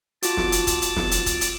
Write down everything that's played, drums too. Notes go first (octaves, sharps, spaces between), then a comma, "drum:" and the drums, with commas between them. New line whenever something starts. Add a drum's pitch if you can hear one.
F4 F#4 A5 D6, drum: hi-hat
drum: snare
drum: hi-hat
drum: kick, hi-hat
drum: hi-hat
drum: snare
drum: hi-hat
drum: kick, hi-hat
drum: hi-hat